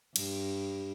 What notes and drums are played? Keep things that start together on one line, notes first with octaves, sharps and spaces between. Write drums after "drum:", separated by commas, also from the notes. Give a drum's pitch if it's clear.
G2, drum: cymbal